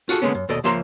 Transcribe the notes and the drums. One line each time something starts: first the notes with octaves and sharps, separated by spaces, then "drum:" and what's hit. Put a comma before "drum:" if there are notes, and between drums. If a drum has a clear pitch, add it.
F4 F#4 G#4 A4, drum: tambourine
D3 F#3 G#3 A#3 B3 C#4
F#2
D#2 B2 A4 D5 D#5
C#2 F3 A#3 E5 A#5 C6